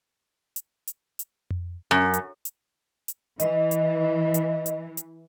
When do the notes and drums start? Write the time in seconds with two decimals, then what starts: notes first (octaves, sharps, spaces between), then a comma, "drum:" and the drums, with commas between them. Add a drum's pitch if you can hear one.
0.56 drum: hi-hat
0.87 drum: hi-hat
1.19 drum: hi-hat
1.51 drum: tom F2
1.91 F#2
2.14 drum: hi-hat
2.45 drum: hi-hat
3.08 drum: hi-hat
3.40 E3 D#5, drum: hi-hat
3.71 drum: hi-hat
4.34 drum: hi-hat
4.66 drum: hi-hat
4.97 drum: hi-hat